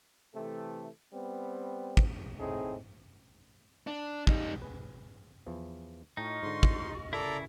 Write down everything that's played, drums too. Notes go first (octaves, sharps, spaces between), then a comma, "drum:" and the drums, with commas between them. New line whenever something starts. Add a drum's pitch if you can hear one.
C3 E3 A3
G3 B3 C4
drum: kick
A2 C4 D#4 G#4
D4
G3 D#4, drum: kick
G#4 B4
E2 E3 F3
A2 D#4 F4 D#5 G5 A5 C#6
G#2 D3 C6
drum: kick
C#3 E4 A4 A#4 D5 A#5